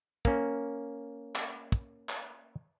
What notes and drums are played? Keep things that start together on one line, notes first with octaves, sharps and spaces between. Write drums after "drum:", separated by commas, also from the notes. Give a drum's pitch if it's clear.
A#3 C#4, drum: kick
drum: clap
drum: kick
drum: clap